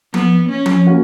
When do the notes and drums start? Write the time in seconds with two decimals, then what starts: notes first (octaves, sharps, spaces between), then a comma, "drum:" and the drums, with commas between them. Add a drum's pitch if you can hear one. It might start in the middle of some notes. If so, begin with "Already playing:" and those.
0.14 B3, drum: tom F3
0.49 C#4
0.66 drum: tom F3
0.86 A#3 C#4 F#4